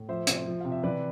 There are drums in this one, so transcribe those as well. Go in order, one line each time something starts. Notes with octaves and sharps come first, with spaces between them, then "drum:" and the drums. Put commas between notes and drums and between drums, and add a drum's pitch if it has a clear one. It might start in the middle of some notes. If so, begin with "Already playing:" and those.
Already playing: A2
F3 C5 E5
C3, drum: hi-hat
F3
C3 F5
E5
E3 B4 D5